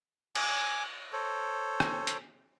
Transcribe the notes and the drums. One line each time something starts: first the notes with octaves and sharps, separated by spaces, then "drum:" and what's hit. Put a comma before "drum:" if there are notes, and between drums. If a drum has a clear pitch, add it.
G#5 D6, drum: cymbal
A4 C5 C#5
drum: rim click
drum: hi-hat